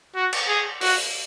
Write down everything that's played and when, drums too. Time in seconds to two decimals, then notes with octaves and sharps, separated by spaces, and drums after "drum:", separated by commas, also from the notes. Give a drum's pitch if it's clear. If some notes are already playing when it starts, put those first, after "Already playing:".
0.16 F#4
0.33 drum: cymbal
0.49 G#4
0.81 F#4, drum: open hi-hat